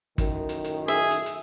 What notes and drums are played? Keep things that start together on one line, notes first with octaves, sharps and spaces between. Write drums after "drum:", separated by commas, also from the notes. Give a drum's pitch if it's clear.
F#2 A2 D#3, drum: kick, hi-hat
drum: hi-hat
drum: hi-hat
G#4 E5
drum: hi-hat
drum: hi-hat